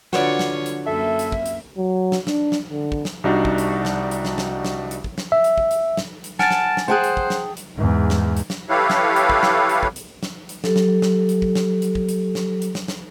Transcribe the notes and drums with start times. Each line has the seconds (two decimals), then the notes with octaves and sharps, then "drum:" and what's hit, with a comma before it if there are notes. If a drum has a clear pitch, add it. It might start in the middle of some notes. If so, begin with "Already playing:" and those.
0.13 D3 F4 F#4 B4 C#5 D5, drum: snare
0.39 drum: snare
0.66 drum: hi-hat
0.86 F#2 A#3 A4 E5
1.19 drum: hi-hat
1.32 drum: kick
1.46 drum: hi-hat
1.78 F#3
2.12 drum: snare
2.27 D4, drum: snare
2.52 drum: snare
2.70 D3
2.92 drum: kick
3.05 drum: snare
3.24 C2 G3 D4 D#4 F#4
3.45 drum: kick
3.58 drum: hi-hat
3.85 drum: snare
4.11 drum: hi-hat
4.25 drum: snare
4.38 drum: snare
4.65 drum: snare
4.91 drum: hi-hat
5.04 drum: kick
5.18 drum: snare
5.32 E5
5.44 drum: hi-hat
5.58 drum: kick
5.71 drum: hi-hat
5.97 drum: snare
6.24 drum: hi-hat
6.39 F#5 G#5 A5 F6 A6 D7, drum: snare
6.51 drum: snare
6.77 drum: snare
6.88 G#4 C5 F#5 G5 A5 F#6
7.04 drum: hi-hat
7.17 drum: kick
7.30 drum: snare
7.57 drum: hi-hat
7.76 E2 G#2
8.10 drum: snare
8.37 drum: hi-hat
8.50 drum: snare
8.69 E4 G4 A4 B4 C#5 F5
8.90 drum: snare
9.16 drum: hi-hat
9.30 drum: kick
9.43 drum: snare
9.69 drum: hi-hat
9.83 drum: kick
9.96 drum: hi-hat
10.23 drum: snare
10.49 drum: hi-hat
10.64 F#3 G4 A4, drum: snare
10.76 drum: snare
11.02 drum: snare
11.29 drum: hi-hat
11.42 drum: kick
11.55 drum: snare
11.82 drum: hi-hat
11.95 drum: kick
12.09 drum: hi-hat
12.35 drum: snare
12.62 drum: hi-hat
12.75 drum: snare
12.88 drum: snare